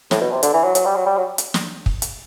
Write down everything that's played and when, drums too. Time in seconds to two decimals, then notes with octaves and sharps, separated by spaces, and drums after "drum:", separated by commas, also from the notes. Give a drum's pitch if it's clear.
0.11 A2, drum: snare
0.21 B2
0.32 C3
0.43 D3, drum: hi-hat
0.54 E3
0.64 F#3
0.75 F#3, drum: hi-hat
0.85 G3
0.96 F#3
1.06 G3
1.17 F#3
1.38 drum: hi-hat
1.54 drum: snare
1.86 drum: kick
2.02 drum: hi-hat